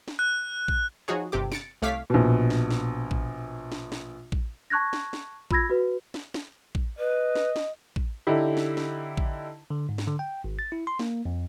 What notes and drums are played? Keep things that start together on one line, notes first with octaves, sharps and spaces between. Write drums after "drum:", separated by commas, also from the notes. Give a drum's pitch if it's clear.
drum: snare
F#6
drum: kick
F3 D#4 F#4 G#4 C#5
G1 C3 G4 D6
A6 C#7 D7, drum: snare
C2 A3 C#5 F5 D6 B6
A#1 B2
drum: snare
drum: snare
drum: kick
drum: snare
drum: snare
drum: kick
A5 C#6 F#6 G#6 A#6
drum: snare
drum: snare
F4 B5 E6 G#6 A#6, drum: kick
F#4 B4
drum: snare
drum: snare
drum: kick
B4 D#5
drum: snare
drum: snare
drum: kick
D3 D#4 E4 G4
drum: snare
drum: snare
drum: kick
D3
G#2
drum: snare
D3
G5
G#1
A6
E4
C6
A#3, drum: snare
F2